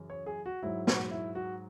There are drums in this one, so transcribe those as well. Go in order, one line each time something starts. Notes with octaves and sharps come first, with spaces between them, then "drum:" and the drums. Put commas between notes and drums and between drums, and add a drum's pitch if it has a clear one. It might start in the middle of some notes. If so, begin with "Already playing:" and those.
Already playing: F#2 C#3 E3
C#5
G#4
F#4
G#2 F#3 E4
F#4, drum: snare
E4
F#4